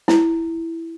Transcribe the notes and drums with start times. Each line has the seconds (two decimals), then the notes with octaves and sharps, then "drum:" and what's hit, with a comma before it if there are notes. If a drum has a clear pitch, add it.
0.08 E4, drum: snare